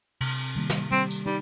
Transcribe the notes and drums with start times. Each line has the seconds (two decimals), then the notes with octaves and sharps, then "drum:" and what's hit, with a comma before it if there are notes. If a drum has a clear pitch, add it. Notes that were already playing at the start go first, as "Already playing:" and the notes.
0.21 C3, drum: cymbal
0.56 D#3 G3 A#3
0.70 drum: snare
0.92 G3 C4
1.11 drum: tambourine
1.26 G3 D#4